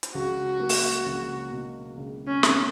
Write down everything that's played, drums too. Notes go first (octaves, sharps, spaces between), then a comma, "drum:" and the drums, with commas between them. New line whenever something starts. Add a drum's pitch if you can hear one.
drum: hi-hat
C#2 F#4
A#3
drum: open hi-hat
C#2
B2
C#2
C#4
A#3, drum: snare